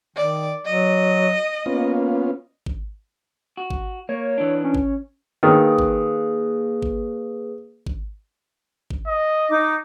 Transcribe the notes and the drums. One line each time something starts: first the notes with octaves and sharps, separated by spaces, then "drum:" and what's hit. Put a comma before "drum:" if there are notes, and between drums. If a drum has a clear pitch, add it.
D#3 D5
F#3 D#5
A#3 B3 C#4 F4
drum: kick G#1
F#4
drum: kick G#1
A#3 C#5
E3 D4
C#4
drum: kick G#1
D#3 A#3 G#4 B4
drum: kick G#1
drum: kick G#1
drum: kick G#1
drum: kick G#1
D#5
D#4 D6